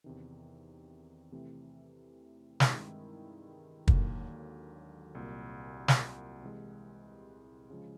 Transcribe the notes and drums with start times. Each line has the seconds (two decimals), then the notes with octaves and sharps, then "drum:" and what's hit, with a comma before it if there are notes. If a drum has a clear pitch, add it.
0.04 E2 C3 D#3
1.32 C3 E3 A3 C4
2.60 G2 D#3 G#3 C4 E4, drum: snare
3.88 D#2 D3 F#3 A#3, drum: kick
5.15 C2 A#2 F#3
5.88 drum: snare
6.43 C3 E3 G#3
7.70 C#3 F3 G#3